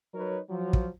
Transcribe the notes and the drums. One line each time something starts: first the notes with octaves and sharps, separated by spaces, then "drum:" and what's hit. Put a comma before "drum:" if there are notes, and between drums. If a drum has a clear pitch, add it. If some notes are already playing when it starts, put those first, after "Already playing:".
F#3 D#4 A#4 B4 C#5
F3 F#3
drum: kick